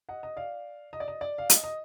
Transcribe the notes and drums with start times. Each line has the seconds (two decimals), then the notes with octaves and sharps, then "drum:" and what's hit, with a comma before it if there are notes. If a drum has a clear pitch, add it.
0.09 D#5 F#5
0.23 D#5
0.37 D5 F5
0.93 D#5
1.00 D5
1.08 D#5
1.21 D5
1.38 F5
1.50 D#5, drum: hi-hat
1.64 D#5